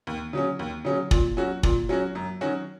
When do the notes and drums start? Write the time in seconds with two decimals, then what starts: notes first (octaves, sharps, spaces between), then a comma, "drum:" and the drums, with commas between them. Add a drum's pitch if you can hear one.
0.07 D#2
0.33 C#3 F#3 C#4
0.59 D#2
0.85 C#3 F#3 C#4
1.11 A#2, drum: kick
1.37 F#3 C#4 F#4
1.63 A#2, drum: kick
1.89 F#3 C#4 F#4
2.15 F#2
2.41 D#3 F#3 C#4 F#4